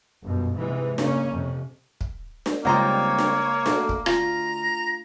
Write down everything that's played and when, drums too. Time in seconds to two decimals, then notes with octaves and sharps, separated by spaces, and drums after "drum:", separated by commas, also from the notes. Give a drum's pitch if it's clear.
0.23 G1 F#2 B2
0.56 G#2 C3 E3 G#3
0.98 C#3 A#3 C#4, drum: snare D4
1.32 F2 C3
2.01 drum: kick
2.46 drum: snare D4
2.65 C#2 G3 A#3 C4 D#4 C#5 A#5 C6
3.19 drum: snare D4
3.66 A3 F#4, drum: snare D4
3.89 drum: kick
4.06 D2 F4 A#5, drum: rim click